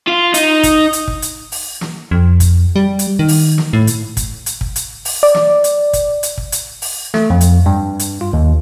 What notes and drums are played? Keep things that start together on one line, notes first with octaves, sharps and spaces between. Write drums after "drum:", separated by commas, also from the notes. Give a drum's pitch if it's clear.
F4
D#4, drum: hi-hat
drum: kick, hi-hat
drum: hi-hat
drum: kick
drum: hi-hat
drum: open hi-hat
drum: snare
F2
drum: kick, hi-hat
G3
drum: hi-hat
D#3
drum: open hi-hat
drum: snare
A2
drum: hi-hat
drum: kick, hi-hat
drum: hi-hat
drum: kick
drum: hi-hat
drum: open hi-hat
D5
drum: snare
drum: hi-hat
drum: kick, hi-hat
drum: hi-hat
drum: kick
drum: hi-hat
drum: open hi-hat
A3, drum: snare
F2
drum: hi-hat
G2
drum: hi-hat
F4
D#2